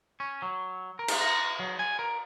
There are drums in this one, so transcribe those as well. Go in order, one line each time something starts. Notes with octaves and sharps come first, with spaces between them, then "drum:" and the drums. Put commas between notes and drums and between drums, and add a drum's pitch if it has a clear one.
C#4
F#3
A#4
drum: cymbal
A#5
F#3
G#5
A#4